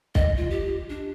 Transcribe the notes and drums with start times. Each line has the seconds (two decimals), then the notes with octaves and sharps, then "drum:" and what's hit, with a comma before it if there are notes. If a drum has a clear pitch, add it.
0.15 D#5, drum: kick
0.37 F4
0.51 G4
0.89 D4